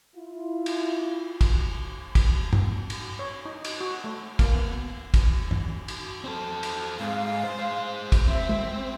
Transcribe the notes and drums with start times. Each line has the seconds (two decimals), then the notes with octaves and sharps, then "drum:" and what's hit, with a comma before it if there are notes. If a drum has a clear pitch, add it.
0.16 E4 F4
0.66 drum: cymbal
1.41 drum: kick, cymbal
2.15 drum: kick, cymbal
2.53 drum: tom
2.90 drum: cymbal
3.19 C#5
3.45 D#4
3.65 drum: cymbal
3.81 F#4
4.04 A3
4.39 A#3, drum: kick, cymbal
4.55 B3
5.14 drum: kick, cymbal
5.51 drum: tom
5.88 drum: cymbal
6.24 C4 A4
6.63 drum: cymbal
7.00 G#2 F5
7.44 C5
7.59 G#3 C5
8.12 drum: kick, cymbal
8.28 C4 E5
8.49 drum: tom